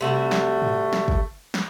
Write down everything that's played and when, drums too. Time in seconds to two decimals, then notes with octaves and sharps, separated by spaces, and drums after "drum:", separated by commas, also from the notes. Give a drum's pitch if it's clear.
0.01 C3 G3 A3 F#4
0.31 drum: snare
0.62 drum: tom G#2
0.93 drum: snare
1.08 drum: kick
1.54 drum: snare